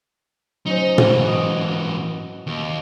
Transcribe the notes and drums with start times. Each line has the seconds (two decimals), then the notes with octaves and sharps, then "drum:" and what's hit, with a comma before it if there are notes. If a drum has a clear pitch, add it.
0.66 F#3 C#4 D#4 C5
0.98 G#2 E3, drum: tom
1.24 F#4 D#5
2.47 D#2